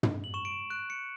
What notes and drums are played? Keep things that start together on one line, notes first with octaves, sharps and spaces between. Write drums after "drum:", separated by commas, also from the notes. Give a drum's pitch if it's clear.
drum: tom
F#7
C#6 E7
D7
E7
F#6 D7
C#7